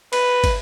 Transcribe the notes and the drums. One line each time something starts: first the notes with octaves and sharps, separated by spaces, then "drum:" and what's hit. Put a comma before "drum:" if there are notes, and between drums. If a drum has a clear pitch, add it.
B4, drum: cymbal
drum: kick, cymbal